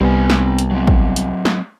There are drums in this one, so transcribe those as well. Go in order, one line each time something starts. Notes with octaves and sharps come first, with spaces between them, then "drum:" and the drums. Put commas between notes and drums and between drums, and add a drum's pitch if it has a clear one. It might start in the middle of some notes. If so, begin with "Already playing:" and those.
C2 G3 B3 C4 G#5
drum: snare
drum: hi-hat
F#3 C4
drum: kick
drum: hi-hat
drum: snare